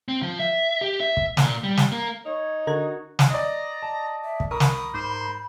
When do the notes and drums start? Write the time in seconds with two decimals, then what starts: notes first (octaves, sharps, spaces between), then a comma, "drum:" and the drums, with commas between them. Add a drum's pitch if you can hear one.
0.08 C4
0.22 F3
0.39 E5
0.81 G4
1.00 E5
1.17 drum: kick
1.37 A#2, drum: snare
1.63 G3
1.77 drum: snare
1.92 A#3
2.26 D#4 C#5
2.67 D3 F#4 A#4 A#5 G#6
3.19 drum: snare
3.30 D5 D#5 A#5
3.83 A5
4.24 E5
4.40 drum: kick
4.51 C2 A#4 B5 C#6 D#6 E6
4.60 drum: snare
4.94 G#2 C5 C6 D6